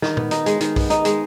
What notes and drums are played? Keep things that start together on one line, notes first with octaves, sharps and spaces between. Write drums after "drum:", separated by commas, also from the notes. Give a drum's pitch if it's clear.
D#3, drum: snare
B3, drum: tom
D#4, drum: hi-hat
G#3, drum: hi-hat
D#3, drum: hi-hat
B3, drum: kick, open hi-hat
D#4, drum: hi-hat
G#3, drum: hi-hat